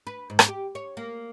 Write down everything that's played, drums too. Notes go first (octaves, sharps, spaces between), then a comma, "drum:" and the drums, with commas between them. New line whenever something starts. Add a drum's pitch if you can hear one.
B4
G#2
drum: rim click
G4
C#5
A#3